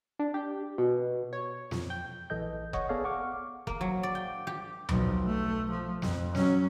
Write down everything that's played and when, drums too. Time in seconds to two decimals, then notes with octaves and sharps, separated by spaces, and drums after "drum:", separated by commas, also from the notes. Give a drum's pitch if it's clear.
0.19 D4
0.34 G4
0.78 B2
1.33 C#5
1.71 F2, drum: snare
1.90 G5
2.30 A#1 E3 A4 D#5 G6
2.73 C#5 D#5 F#5 C#6, drum: kick F1
2.89 B3 G#4 A4 C#5 D5 F5
3.04 F#5 C#6 D6 F6
3.67 A#3, drum: kick F1
3.81 F#3
4.03 D5
4.15 G5
4.47 G4
4.89 B1 F3, drum: tom D#2
5.26 A3
5.70 F3
6.02 F2, drum: snare
6.35 F#3 C#4, drum: snare